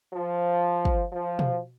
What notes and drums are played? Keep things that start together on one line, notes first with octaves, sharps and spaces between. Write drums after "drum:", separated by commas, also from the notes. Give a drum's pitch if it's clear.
F3
drum: kick
F3
drum: tom B2